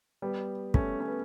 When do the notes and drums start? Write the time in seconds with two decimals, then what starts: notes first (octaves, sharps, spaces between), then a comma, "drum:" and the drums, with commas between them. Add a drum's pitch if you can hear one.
0.22 G3 B3
0.74 A3 C#4, drum: kick
1.00 C#4
1.08 B3